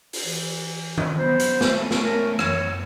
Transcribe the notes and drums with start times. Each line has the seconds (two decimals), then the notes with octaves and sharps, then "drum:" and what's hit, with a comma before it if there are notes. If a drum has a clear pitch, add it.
0.13 drum: open hi-hat
0.23 E3
0.98 drum: tom D#3
1.19 F#3 B3 C5
1.40 drum: hi-hat
1.61 A3 C#4, drum: snare
1.91 drum: snare
2.04 A#4
2.39 F#2 E3 C#5, drum: rim click